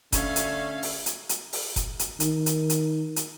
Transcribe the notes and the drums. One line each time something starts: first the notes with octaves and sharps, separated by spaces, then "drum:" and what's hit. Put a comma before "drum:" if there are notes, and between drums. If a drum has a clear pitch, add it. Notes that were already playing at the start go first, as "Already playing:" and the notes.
D3 A3 C#4 F5, drum: kick F1, hi-hat
drum: hi-hat
drum: open hi-hat
drum: hi-hat
drum: hi-hat
drum: open hi-hat
drum: kick F1, hi-hat
drum: hi-hat
D#3, drum: hi-hat
drum: hi-hat
drum: hi-hat
drum: hi-hat